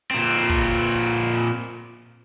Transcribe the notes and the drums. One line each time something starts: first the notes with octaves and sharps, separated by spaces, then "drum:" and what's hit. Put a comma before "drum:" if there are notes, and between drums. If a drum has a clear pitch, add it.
A#2 C4
drum: kick
drum: open hi-hat